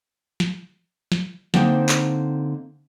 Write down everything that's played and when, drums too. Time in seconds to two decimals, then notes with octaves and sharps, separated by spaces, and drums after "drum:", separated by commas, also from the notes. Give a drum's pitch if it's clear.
0.40 drum: snare
1.12 drum: snare
1.54 D3 A#3 C4 D#4 C5 G5, drum: snare
1.89 drum: clap